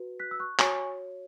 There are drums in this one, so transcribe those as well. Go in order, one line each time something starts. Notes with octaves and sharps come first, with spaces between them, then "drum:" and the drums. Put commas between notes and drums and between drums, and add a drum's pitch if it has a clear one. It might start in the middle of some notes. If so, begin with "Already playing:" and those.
Already playing: F#4 B4
F#6 B6
E6
C#6 F#6
F#4 C#5 G#5 C#6, drum: clap